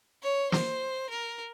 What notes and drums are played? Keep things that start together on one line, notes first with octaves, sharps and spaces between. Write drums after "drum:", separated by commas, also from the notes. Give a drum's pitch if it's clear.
C#5
C5, drum: snare
A#4